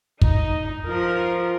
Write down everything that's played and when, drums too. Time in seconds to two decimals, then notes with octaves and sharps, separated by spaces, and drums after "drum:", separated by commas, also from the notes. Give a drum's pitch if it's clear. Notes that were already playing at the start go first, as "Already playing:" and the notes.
0.22 D#4, drum: kick
0.89 F3 F4 A#4